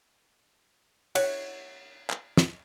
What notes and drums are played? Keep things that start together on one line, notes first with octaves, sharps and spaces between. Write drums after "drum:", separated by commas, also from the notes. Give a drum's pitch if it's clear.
C#5 E5 F#5, drum: cymbal
drum: clap
drum: snare